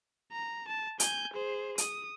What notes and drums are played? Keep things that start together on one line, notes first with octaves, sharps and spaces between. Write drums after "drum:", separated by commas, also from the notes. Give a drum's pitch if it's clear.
A#5
A5
G#5 G6, drum: hi-hat
G#4 C5
D#6, drum: hi-hat